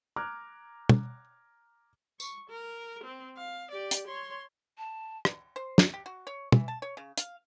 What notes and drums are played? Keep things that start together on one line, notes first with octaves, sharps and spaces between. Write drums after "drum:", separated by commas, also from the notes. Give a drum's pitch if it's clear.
A#5 D6 F6 F#6 G#6
drum: tom
C#6, drum: tambourine
A#4
C4
F5
G4 D5
drum: hi-hat
C#5 C6
A5
drum: rim click
C5
drum: snare
G4
F#4
C#5
E3, drum: tom
A5
C#5
C#3
F5, drum: hi-hat